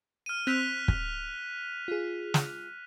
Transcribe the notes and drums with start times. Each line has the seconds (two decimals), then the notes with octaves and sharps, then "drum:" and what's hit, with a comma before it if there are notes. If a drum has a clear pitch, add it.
0.26 F6 D#7
0.47 C4 F#6 B6 F7
0.88 drum: kick
1.88 F4 G#4
2.34 drum: snare